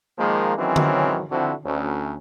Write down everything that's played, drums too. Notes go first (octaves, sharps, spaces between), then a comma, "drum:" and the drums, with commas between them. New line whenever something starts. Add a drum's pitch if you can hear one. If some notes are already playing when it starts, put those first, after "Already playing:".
D#3 F3 G#3 A#3
D#3 E3 F#3 G#3 C4 C#4
drum: tom D3
D3 F3 C4 E4 F#4
D2 C#4